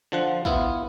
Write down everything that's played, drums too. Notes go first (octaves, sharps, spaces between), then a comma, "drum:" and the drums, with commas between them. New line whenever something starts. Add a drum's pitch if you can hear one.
D3 F3 F#5
B3 E4 F4, drum: kick